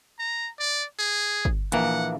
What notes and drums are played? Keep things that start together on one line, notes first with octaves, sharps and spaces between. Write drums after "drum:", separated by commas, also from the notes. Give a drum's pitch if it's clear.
A#5
D5
G#4
drum: kick
A#1 E3 A#3 F#5, drum: hi-hat